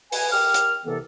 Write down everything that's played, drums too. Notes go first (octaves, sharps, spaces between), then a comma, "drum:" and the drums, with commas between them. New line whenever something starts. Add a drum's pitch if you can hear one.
B4 G#5, drum: open hi-hat
G4 A#4 F6
drum: hi-hat
C2 C3 E3 B3 A4